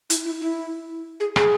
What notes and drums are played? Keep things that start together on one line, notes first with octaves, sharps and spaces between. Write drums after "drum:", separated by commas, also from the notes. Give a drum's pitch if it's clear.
E4, drum: hi-hat
E4
E4
G#4
G#4, drum: rim click